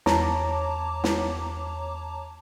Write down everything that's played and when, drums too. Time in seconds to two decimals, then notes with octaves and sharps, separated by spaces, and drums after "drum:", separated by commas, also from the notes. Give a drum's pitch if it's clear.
0.06 E2 C#5 A5 A#5 D6, drum: snare
1.04 drum: snare